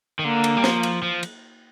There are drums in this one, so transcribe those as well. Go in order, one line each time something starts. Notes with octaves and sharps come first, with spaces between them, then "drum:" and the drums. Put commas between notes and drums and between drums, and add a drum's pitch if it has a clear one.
D#3
D3 A#3
drum: cymbal
G3
F3, drum: snare
drum: cymbal
F3
drum: cymbal